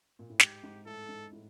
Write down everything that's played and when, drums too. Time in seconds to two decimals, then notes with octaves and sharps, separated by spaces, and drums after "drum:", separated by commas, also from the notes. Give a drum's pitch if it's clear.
0.19 A#2
0.29 A2
0.39 G#2 G4, drum: snare
0.63 G#2
0.85 A2 A4
1.09 G#2
1.32 A2